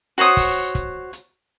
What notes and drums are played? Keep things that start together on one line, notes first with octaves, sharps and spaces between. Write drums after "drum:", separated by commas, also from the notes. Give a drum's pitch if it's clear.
F#4 C5 C#5 D#6
drum: kick, open hi-hat
drum: kick, hi-hat
drum: hi-hat